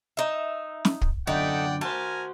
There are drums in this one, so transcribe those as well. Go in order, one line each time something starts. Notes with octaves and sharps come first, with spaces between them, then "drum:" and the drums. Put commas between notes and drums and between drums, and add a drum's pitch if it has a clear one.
D#4 E5
drum: snare
drum: kick
F#2 D3 A3 D#4 D5 F#5 G5
F#4 A#4 C5 G#5 A5